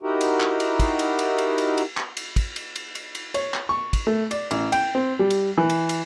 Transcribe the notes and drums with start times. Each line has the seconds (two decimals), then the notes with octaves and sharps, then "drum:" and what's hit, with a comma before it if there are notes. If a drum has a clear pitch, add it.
0.02 D#4 E4 F#4 G4 A#4
0.21 drum: cymbal
0.40 drum: clap
0.60 drum: cymbal
0.80 drum: kick, cymbal
0.99 drum: cymbal
1.19 drum: cymbal
1.38 drum: cymbal
1.58 drum: cymbal
1.78 drum: cymbal
1.97 drum: clap
2.17 drum: cymbal
2.36 drum: kick, cymbal
2.56 drum: cymbal
2.76 drum: cymbal
2.95 drum: cymbal
3.15 drum: cymbal
3.34 C#5, drum: cymbal
3.54 drum: clap
3.69 C#6
3.93 drum: kick, cymbal
4.07 A3
4.31 D5, drum: cymbal
4.51 A1, drum: cymbal
4.72 G5, drum: cymbal
4.95 C4
5.19 G3
5.30 drum: cymbal
5.58 E3
5.70 drum: cymbal
5.89 drum: cymbal